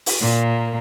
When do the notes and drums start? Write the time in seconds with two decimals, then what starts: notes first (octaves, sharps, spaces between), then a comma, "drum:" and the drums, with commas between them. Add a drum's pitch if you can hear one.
0.06 drum: open hi-hat
0.20 A#2 A#3